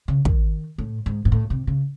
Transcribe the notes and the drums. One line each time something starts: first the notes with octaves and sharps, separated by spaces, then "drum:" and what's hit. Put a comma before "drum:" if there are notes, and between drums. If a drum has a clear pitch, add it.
C#3
D#3, drum: kick
A2
G#2
G#2
A2
C3
C#3